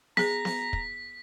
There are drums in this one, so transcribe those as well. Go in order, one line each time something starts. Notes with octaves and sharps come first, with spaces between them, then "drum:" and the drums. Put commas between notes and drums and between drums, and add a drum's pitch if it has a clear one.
B3 G#4 A#5 B6, drum: snare B3
drum: snare B3
drum: kick